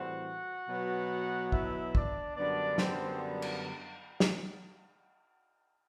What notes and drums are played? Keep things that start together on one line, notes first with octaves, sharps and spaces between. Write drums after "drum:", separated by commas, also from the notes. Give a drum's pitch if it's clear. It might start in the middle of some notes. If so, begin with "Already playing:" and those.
Already playing: A2 E3 G3 C4 F#4 F#5
B2 F#3 B3
E4 E5, drum: kick
D4 D5, drum: kick
F#2 D3 G3 B3 D4 D5
C4 C5, drum: snare
drum: cymbal
drum: snare